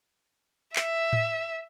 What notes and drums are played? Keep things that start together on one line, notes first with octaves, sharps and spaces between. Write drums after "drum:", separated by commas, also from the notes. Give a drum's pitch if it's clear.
E5, drum: clap
drum: tom A2